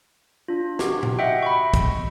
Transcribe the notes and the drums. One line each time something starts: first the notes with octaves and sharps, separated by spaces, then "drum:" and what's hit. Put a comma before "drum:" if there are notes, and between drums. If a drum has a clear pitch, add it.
D4 F4
F#4 G4, drum: snare
drum: tom A#2
D#5 E5 F#5 G5
B5 C#6
drum: kick, hi-hat